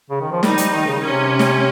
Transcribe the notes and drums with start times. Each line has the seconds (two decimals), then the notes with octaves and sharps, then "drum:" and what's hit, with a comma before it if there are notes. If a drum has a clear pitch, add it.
0.10 C#3
0.21 D#3
0.31 F3
0.43 G3 D#4, drum: snare
0.58 G3, drum: hi-hat
0.73 D#3
0.86 C#3
1.01 C3 C#4
1.39 drum: snare